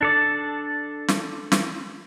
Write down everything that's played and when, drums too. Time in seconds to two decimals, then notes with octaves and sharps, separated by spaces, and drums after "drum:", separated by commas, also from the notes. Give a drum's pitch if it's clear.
0.01 D4 A4 D5
1.08 drum: snare
1.52 drum: snare